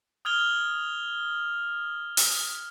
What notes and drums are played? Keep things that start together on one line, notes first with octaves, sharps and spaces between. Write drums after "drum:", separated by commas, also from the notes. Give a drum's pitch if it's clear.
D#6 F6 G#6 F7 G7
drum: open hi-hat